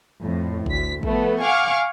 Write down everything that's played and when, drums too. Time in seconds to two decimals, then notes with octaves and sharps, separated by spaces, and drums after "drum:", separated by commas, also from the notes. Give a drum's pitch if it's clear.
0.23 F2 A2
0.66 D2 B6, drum: kick
1.03 F3 A3 B3, drum: kick
1.42 F5 F#5 G#5 C#6 D6 F6